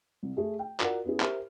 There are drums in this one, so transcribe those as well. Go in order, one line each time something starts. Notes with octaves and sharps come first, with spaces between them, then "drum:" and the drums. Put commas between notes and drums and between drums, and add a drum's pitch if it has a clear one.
C2
A3 G#4
G5
F4 F#4 A#4 D5 F#5, drum: clap
B3 C#4 E4 G#4
G4 A#4 C5 E5 F6, drum: clap